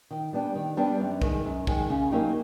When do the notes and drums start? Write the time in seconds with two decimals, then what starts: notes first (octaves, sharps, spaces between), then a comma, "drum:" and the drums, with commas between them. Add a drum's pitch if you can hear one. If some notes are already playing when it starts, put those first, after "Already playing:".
0.11 D#3
0.33 G3 B3 D4 G4
0.55 D#3
0.77 G3 B3 D4 G4
1.00 F#2
1.22 D#3 G#3, drum: kick B1
1.45 F#2
1.67 D#3 G#3, drum: kick B1
1.90 C#3
2.11 F#3 A#3 D#4 G4